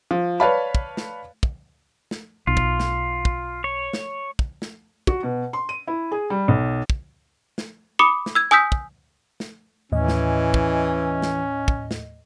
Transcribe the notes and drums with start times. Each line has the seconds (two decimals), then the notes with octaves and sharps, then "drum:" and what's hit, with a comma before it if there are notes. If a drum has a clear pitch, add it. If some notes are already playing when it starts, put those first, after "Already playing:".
0.11 F3
0.40 B4 C#5 D5 F5 A5 B5
0.75 drum: kick
0.97 drum: snare
1.43 drum: kick
2.11 drum: snare
2.47 B1 F4
2.57 drum: kick
2.80 drum: snare
3.25 drum: kick
3.64 C#5
3.93 drum: snare
4.39 drum: kick
4.62 drum: snare
5.07 F#4, drum: kick
5.23 B2
5.53 C6
5.69 D#7
5.87 E4
6.12 G#4
6.30 G3
6.48 B1
6.90 drum: kick
7.58 drum: snare
7.99 B5 D6 D#6 C#7
8.26 drum: snare
8.35 E6 G#6
8.51 G#5 D#6 E6 G6 B6
8.72 drum: kick
9.40 drum: snare
9.92 D#2 A2 E3 C#4 D#5
10.08 drum: snare
10.54 drum: kick
11.22 drum: snare
11.68 drum: kick
11.91 drum: snare